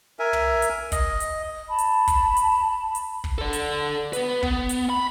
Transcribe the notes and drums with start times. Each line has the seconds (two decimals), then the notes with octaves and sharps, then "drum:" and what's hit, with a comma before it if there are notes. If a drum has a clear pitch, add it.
0.19 A#4 E5 G#5
0.33 drum: tom
0.62 drum: hi-hat
0.92 D#5, drum: kick, hi-hat
1.20 drum: hi-hat
1.68 A5 B5
1.78 drum: hi-hat
2.07 drum: kick, hi-hat
2.37 drum: hi-hat
2.95 drum: hi-hat
3.24 drum: kick
3.38 A4 D5
3.53 drum: hi-hat
4.13 B3 B4, drum: hi-hat
4.43 B3, drum: kick
4.69 drum: hi-hat
4.90 B5